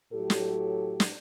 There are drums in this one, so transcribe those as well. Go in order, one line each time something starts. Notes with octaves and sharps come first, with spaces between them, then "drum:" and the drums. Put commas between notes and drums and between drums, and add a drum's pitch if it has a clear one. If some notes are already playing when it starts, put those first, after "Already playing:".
A2 F#3 G4 A4
drum: snare
drum: snare